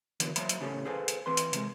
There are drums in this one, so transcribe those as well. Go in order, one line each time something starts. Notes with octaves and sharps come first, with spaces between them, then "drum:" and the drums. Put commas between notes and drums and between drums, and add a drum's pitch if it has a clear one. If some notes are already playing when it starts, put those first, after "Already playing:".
E2 D3 E3 F#3 B3, drum: hi-hat
F#3 A#3 C5 E5 A5 B5, drum: hi-hat
drum: hi-hat
A2 C#3 C#4 G4 A4
G#4 A4 B4 C5 F5 G#5
drum: hi-hat
E3 C4 B4 B5 C6
drum: hi-hat
C3 G#3, drum: hi-hat